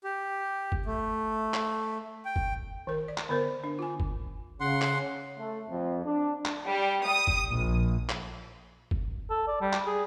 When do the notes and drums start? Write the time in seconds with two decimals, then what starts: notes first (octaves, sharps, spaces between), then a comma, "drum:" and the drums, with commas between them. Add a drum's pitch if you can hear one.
0.04 G4
0.72 drum: kick F#1
0.86 A3
1.54 drum: clap
2.25 G5
2.36 drum: kick F#1
2.87 D#3 A#4
3.08 D5
3.18 drum: clap
3.29 D3 B3 A#4 C5
3.64 D4
3.79 F4 G#5
4.00 drum: kick F#1
4.60 C#3 F#5 C6
4.82 drum: clap
5.39 A3
5.70 F2
6.06 D4
6.45 drum: clap
6.66 G3
7.07 D#6
7.27 drum: kick F#1
7.50 A#1
8.09 drum: clap
8.91 drum: kick F#1
9.30 A4
9.47 D5
9.61 G3
9.73 drum: clap
9.86 G#4